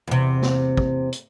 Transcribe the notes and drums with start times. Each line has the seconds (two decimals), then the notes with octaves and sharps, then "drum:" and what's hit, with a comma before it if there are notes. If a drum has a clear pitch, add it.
0.07 E2 C3
0.42 drum: snare
0.77 drum: kick
1.12 drum: hi-hat